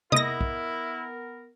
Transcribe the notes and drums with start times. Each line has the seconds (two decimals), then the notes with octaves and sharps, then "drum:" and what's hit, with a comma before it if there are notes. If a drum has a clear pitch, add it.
0.12 B3 E4 A#4 D#5 D#6 A#6, drum: tom C3
0.41 drum: kick